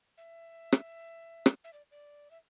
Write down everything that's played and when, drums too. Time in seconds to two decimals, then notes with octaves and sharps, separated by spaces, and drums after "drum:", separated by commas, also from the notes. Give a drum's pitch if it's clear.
0.18 E5
0.72 drum: rim click
1.46 drum: rim click
1.64 E5
1.73 D5
1.91 D5
2.31 E5